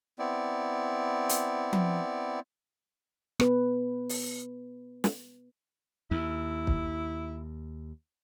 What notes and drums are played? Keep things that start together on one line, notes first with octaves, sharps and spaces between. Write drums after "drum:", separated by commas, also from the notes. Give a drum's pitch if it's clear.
B3 C4 E4 D5
drum: hi-hat
drum: tom F3
B3 B4, drum: rim click
drum: open hi-hat
drum: snare
D#2 E4
drum: kick